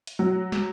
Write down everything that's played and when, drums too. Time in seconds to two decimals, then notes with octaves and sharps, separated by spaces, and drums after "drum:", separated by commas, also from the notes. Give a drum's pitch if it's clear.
0.07 drum: hi-hat
0.19 F#3
0.52 drum: snare